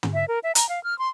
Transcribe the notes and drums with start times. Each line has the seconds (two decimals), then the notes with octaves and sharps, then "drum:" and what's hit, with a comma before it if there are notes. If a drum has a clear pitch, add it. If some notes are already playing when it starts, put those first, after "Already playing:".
0.03 drum: tom
0.14 E5
0.28 A#4
0.43 E5
0.55 A#5, drum: hi-hat
0.69 F5
0.84 F6
0.99 C6